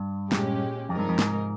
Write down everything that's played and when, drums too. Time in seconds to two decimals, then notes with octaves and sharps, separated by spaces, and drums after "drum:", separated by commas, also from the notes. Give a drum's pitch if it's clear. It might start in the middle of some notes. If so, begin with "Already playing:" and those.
Already playing: G2
0.32 A#2 G#3 C#4 G4, drum: snare
0.89 F2 C3 F3 G#3 D#4 A#4
0.99 G2
1.09 F2
1.19 G#2, drum: snare